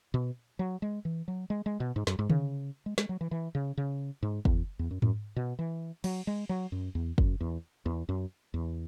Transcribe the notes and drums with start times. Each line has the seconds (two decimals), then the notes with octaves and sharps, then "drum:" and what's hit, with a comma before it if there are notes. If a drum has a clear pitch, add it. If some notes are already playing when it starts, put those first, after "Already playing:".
0.14 B2
0.59 F#3
0.82 G#3
1.05 E3
1.28 F#3
1.50 G#3
1.66 G#3
1.80 B2
1.96 G#2
2.07 F#2, drum: snare
2.19 G#2
2.30 C#3, drum: tom D3
2.86 G#3
2.98 G#3, drum: snare
3.09 F#3
3.21 E3
3.31 E3
3.55 C#3
3.77 C#3
4.23 G#2
4.45 E2, drum: kick
4.79 E2
4.91 F#2
5.02 F#2, drum: tom G#2
5.36 B2
5.59 E3
6.04 F#3, drum: cymbal
6.27 G#3
6.49 F#3
6.72 F#2
6.95 E2
7.18 F#2, drum: kick
7.40 E2
7.86 E2
8.09 F#2
8.54 E2